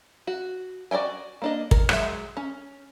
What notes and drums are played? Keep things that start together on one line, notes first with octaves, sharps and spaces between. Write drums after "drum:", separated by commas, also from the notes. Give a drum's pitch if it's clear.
F#4
F#4 D5 E5 G5 G#5
A#3 D4 D#5
A#4, drum: kick
F#3 G#3 E5, drum: rim click
C#4